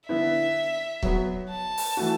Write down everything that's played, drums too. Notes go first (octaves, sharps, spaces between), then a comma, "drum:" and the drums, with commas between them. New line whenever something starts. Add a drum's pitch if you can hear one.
D3 B3 E4 E5
F#3 B3 F#4, drum: kick
A5
drum: open hi-hat
E3 A3 F#4